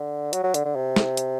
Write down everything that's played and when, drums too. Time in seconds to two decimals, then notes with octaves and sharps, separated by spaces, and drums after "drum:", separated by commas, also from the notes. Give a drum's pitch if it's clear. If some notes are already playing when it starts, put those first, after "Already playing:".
Already playing: D3
0.33 F#3, drum: hi-hat
0.43 F#3
0.54 D3, drum: hi-hat
0.65 D3
0.76 C3
0.96 drum: snare
1.17 drum: hi-hat